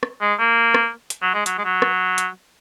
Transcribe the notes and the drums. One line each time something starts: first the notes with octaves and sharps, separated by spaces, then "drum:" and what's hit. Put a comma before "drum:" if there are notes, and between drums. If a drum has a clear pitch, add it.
drum: rim click
G#3
A#3
drum: rim click
drum: hi-hat
F#3
G#3
F#3, drum: hi-hat
G#3
F#3
drum: rim click
drum: hi-hat